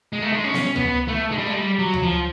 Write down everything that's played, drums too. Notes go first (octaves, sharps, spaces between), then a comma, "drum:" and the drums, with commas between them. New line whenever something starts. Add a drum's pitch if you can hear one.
G#3
A3
G#3
C#4
drum: snare B3
B3, drum: tom C#2
A3
G#3
G3
G#3
G3
F#3
drum: tom C#2
F3